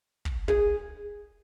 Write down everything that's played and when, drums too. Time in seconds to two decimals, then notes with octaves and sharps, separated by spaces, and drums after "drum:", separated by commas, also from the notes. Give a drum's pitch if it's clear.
0.25 drum: kick
0.48 G#4, drum: kick